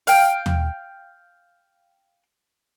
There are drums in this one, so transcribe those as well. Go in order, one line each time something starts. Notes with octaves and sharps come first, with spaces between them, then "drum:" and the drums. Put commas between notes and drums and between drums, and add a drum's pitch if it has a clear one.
F5 G5, drum: open hi-hat
drum: tom D#2